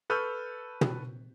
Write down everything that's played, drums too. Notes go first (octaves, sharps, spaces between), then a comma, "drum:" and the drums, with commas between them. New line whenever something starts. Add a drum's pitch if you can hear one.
A4 B4 C#6 E6 F6 G6
drum: tom